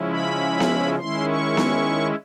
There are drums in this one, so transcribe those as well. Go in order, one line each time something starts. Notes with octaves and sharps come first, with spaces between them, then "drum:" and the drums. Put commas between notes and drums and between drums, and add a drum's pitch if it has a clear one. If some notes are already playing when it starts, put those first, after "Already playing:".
Already playing: C#3 F3 G#3 C#4 E4
B5
drum: snare B3
D#3 G#3 C#4 E4 C6
C#6
drum: snare B3